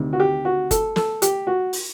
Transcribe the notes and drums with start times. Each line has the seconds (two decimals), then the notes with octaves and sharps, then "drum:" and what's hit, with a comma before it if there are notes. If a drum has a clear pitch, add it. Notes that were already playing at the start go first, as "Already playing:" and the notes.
Already playing: D2 C3 D#3
0.13 F#4
0.20 G4
0.45 F#4
0.71 A4, drum: kick F#1, hi-hat
0.96 A4, drum: snare
1.22 G4, drum: hi-hat
1.47 F#4
1.73 drum: open hi-hat